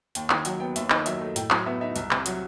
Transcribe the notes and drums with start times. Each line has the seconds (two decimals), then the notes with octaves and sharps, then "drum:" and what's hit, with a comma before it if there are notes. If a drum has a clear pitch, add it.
0.15 D#2 G5, drum: hi-hat
0.30 D#3 G5, drum: clap
0.45 F#3 F#5, drum: hi-hat
0.60 B3 G5
0.76 D#2 E5, drum: hi-hat
0.90 D#3 D#5, drum: clap
1.06 F#3 E5, drum: hi-hat
1.21 A3
1.36 A2 G5, drum: hi-hat
1.50 F#3 A5, drum: clap
1.66 B3 E5
1.81 D#4 E5
1.96 C2 E5, drum: hi-hat
2.11 C3, drum: clap
2.26 F#3 F#5, drum: hi-hat